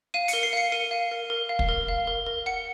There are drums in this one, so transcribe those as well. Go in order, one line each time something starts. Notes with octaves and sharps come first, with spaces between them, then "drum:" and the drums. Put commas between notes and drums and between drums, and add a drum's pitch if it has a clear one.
F5 D#7
C#7, drum: hi-hat
A#4
C7
F5 C#7
A#4 D#7
F5
A#4
A#4
F5
drum: kick
A#4
F5
A#4
A#4
F#5 C#7